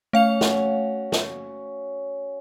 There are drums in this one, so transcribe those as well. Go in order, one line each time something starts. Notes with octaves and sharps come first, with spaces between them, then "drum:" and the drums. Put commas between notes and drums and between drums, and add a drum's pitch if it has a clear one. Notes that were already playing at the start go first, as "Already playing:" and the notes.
A3 C#4 F5 F7
C#4 F#4, drum: snare
drum: snare